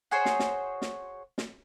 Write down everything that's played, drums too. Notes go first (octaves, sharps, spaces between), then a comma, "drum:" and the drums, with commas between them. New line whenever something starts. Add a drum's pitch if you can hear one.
F#4 G#4 C5 C#5
drum: snare
drum: snare
drum: snare
drum: snare